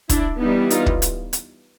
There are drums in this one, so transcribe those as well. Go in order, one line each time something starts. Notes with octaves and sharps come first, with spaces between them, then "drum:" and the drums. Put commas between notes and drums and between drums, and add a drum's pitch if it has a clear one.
D4 E4, drum: kick, hi-hat
E3 G3 B3 D#4
D#4 F4, drum: hi-hat
drum: kick
drum: hi-hat
drum: hi-hat